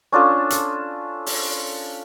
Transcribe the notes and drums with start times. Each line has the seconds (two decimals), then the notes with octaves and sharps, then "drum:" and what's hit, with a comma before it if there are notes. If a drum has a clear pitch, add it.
0.12 C#4 D4 F4 A4
0.50 drum: hi-hat
1.26 drum: open hi-hat